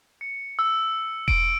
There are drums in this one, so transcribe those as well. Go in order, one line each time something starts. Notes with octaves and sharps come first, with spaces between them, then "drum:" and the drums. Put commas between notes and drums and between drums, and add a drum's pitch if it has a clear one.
C#7
E6
D7, drum: kick E1